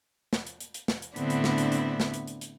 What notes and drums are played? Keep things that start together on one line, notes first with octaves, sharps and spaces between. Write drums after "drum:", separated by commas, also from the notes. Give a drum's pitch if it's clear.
drum: snare
drum: hi-hat
drum: hi-hat
drum: hi-hat
drum: snare
drum: hi-hat
A2 D3 B3 C4 D4 E4, drum: hi-hat
drum: hi-hat
drum: snare
drum: hi-hat
drum: hi-hat
drum: snare
drum: hi-hat
drum: hi-hat
drum: hi-hat